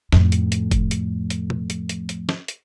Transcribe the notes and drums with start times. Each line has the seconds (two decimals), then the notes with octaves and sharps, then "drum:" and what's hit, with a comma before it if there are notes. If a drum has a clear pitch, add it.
0.12 F2 A2, drum: snare
0.32 drum: hi-hat
0.52 drum: hi-hat
0.71 drum: kick F1, hi-hat
0.91 drum: hi-hat
1.30 drum: hi-hat
1.50 drum: tom
1.70 drum: hi-hat
1.89 drum: hi-hat
2.09 drum: hi-hat
2.29 drum: snare
2.48 drum: hi-hat